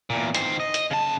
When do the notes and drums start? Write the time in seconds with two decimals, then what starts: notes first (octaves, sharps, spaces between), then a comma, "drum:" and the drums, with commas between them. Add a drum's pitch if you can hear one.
0.10 E2 A#2
0.35 D#3 C5, drum: hi-hat
0.60 D#5
0.74 drum: hi-hat
0.91 C#3 A5